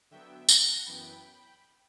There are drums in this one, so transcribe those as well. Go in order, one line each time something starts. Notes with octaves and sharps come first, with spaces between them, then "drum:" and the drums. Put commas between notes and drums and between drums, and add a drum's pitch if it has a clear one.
D3 F#3 B3 E5 G5
F#5 A5, drum: tambourine
F#2 E3 B3 G5 B5